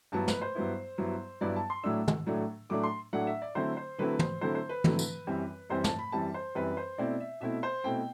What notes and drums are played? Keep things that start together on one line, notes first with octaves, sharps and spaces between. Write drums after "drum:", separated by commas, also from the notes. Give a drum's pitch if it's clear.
G2 F#3 B3 E4 A5
B4, drum: snare
C5
G2 F#3 B3 E4
G2 F#3 B3 E4
G2 F#3 B3 E4 D5
A5
C6
A2 F#3 A3 D4 E6
drum: tom
A2 F#3 A3 D4
A2 F#3 A3 D4 D6
C6
A2 F#3 A3 D4 F#5
E5
D5
D3 F#3 A3 C4 E4 C5
C5
D3 F#3 A3 C4 E4 B4
C5, drum: tom
D3 F#3 A3 C4 E4 C5
C5
B4
D3 F#3 A3 C4 E4, drum: tom
drum: tambourine
F#2 E3 G3 C4
F#2 E3 G3 C4 C5
A5, drum: snare
B5
F#2 E3 G3 C4 A5
C5
F#2 E3 G3 C4 B4
C5
B2 A3 C4 E4 D5
E5
B2 A3 C4 E4 E5
C5
B2 A3 C4 E4 G5